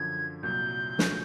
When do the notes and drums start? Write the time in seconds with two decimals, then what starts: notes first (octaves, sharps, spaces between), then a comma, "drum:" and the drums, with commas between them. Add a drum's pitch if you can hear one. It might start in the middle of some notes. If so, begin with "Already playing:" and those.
Already playing: F#2 D3 F3 G#6
0.43 C2 A#2 F#3 G6
0.99 C#3 F3 A3 C#4 F#4, drum: snare